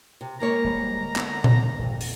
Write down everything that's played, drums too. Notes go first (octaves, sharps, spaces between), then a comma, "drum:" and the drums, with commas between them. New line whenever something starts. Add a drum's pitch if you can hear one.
C3
G#3 A#3 C#5 A#5
D1 G3
D3 B3, drum: clap
drum: tom A#2
G#1 F2
drum: open hi-hat